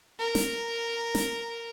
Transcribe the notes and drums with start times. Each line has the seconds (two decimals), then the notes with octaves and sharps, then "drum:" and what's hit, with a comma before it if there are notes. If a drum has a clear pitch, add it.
0.19 A#4
0.35 drum: snare
1.15 drum: snare